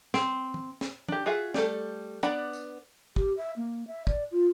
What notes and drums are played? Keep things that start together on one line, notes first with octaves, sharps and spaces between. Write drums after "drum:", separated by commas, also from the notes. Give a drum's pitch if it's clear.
C4, drum: snare
drum: tom
drum: snare
D4 G4, drum: tom
F4 F#4 G#4 E5
G3 A3 A4, drum: snare
B3 D4 D5 F#5 B5, drum: hi-hat
drum: tambourine
G4, drum: kick
E5
A#3
E5
D5, drum: kick
F4